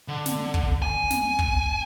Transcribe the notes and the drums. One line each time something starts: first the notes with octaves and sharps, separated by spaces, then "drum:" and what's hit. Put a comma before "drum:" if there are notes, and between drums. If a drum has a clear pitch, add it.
D3
drum: snare
drum: kick
G#5
drum: snare
drum: kick